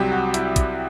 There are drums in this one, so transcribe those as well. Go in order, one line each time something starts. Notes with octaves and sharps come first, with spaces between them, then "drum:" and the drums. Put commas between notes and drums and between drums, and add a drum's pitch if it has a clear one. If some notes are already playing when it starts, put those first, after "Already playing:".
Already playing: C2 C3 F#3 G4
F#4
E4, drum: hi-hat
drum: kick, hi-hat